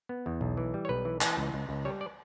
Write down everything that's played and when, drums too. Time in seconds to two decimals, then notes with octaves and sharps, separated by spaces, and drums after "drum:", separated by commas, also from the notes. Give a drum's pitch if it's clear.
0.09 B3
0.26 E2
0.41 B1
0.57 E3
0.74 G3
0.85 C#5
0.89 B1 B4
1.05 E3
1.21 E3, drum: clap
1.37 C#2
1.54 C#2
1.69 C#2
1.85 G3 C#5
2.01 D5